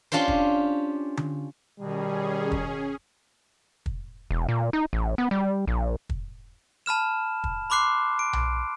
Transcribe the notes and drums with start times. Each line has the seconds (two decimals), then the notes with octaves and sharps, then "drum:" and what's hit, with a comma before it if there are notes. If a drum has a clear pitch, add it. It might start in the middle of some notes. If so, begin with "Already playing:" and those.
0.12 C#4 D4 F4 G4 C5
0.28 drum: kick
1.17 drum: tom D3
1.79 B2 D#3 G3 C#4 G#4
2.52 drum: kick
3.86 drum: kick
4.31 E1
4.49 A#2
4.73 D#4
4.93 A1
5.18 B3
5.31 G3
5.68 A#1
6.09 drum: kick
6.86 A5 B5 F6 E7
7.44 drum: kick
7.70 B5 C6 D6 F#6 C7
8.19 D7
8.33 drum: tom B1